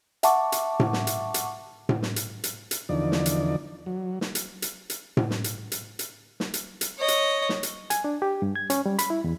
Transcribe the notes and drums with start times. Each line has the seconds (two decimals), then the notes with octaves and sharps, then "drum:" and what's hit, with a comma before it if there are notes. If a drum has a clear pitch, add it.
0.23 E5 F#5 A5 C#6 D6, drum: hi-hat
0.52 drum: hi-hat
0.80 drum: tom A2
0.93 drum: snare
1.07 drum: hi-hat
1.34 drum: hi-hat
1.89 drum: tom A2
2.03 drum: snare
2.16 drum: hi-hat
2.44 drum: hi-hat
2.71 drum: hi-hat
2.89 E2 D3 F3 D#4 D5
3.12 drum: snare
3.26 drum: hi-hat
3.86 F#3
4.21 drum: snare
4.35 drum: hi-hat
4.62 drum: hi-hat
4.90 drum: hi-hat
5.17 drum: tom A2
5.31 drum: snare
5.44 drum: hi-hat
5.72 drum: hi-hat
5.99 drum: hi-hat
6.40 drum: snare
6.54 drum: hi-hat
6.81 drum: hi-hat
6.98 C#5 D#5
7.08 drum: hi-hat
7.49 drum: snare
7.63 drum: hi-hat
7.90 G#5, drum: hi-hat
8.04 D4
8.22 G4
8.42 G2
8.56 G#6
8.70 C#4, drum: hi-hat
8.86 G3
8.99 B5, drum: hi-hat
9.10 E4
9.24 E2